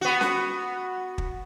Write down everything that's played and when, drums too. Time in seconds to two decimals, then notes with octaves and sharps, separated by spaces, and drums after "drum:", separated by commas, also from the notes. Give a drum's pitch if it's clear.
0.01 B3 F#4
0.21 drum: snare C#4
1.18 drum: kick